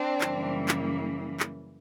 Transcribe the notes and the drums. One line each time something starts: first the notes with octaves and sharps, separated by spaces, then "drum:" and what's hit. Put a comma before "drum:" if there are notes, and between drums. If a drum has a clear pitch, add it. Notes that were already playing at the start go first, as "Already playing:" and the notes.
Already playing: C4 D4
F#2 C#3 E3 G3 A#3, drum: clap
drum: clap
drum: clap